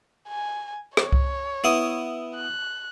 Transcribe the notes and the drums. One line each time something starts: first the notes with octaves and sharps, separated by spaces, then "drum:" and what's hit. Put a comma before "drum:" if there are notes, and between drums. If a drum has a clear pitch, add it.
G#5
C#5, drum: rim click
drum: kick C2
B3 E4 D#6
F#6